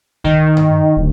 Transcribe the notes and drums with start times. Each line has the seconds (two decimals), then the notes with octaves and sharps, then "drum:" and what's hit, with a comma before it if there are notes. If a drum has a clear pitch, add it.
0.24 D#3, drum: kick C#2
0.57 drum: tom G2
0.97 D1